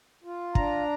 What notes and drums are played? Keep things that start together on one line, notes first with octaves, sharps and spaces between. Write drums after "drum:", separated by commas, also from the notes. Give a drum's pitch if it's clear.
F4
D4 A#5, drum: kick